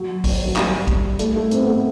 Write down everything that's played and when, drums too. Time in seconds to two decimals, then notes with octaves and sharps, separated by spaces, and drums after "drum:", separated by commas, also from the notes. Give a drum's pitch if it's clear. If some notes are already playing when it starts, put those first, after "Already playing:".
Already playing: F#3
0.24 drum: kick, open hi-hat
0.45 F#3
0.56 G3, drum: clap
0.87 drum: kick, hi-hat
1.19 A3, drum: hi-hat
1.36 A3
1.51 C4, drum: hi-hat
1.59 B3
1.68 A3